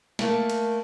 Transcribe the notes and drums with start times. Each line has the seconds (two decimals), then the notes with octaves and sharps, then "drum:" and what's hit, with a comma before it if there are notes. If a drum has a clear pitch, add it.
0.19 A3 A#3, drum: snare
0.50 drum: cymbal